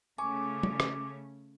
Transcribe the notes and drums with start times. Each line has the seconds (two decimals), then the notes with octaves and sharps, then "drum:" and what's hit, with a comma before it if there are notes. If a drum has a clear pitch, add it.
0.18 C#3 A3 C#4 G#5 C#6 D6
0.63 drum: tom
0.80 drum: rim click